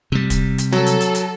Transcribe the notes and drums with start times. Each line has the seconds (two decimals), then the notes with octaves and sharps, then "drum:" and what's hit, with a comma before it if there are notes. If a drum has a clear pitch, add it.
0.12 C3 G3
0.30 drum: kick, hi-hat
0.58 drum: hi-hat
0.72 F#3 A4, drum: snare
0.86 drum: hi-hat
1.01 drum: hi-hat
1.15 drum: hi-hat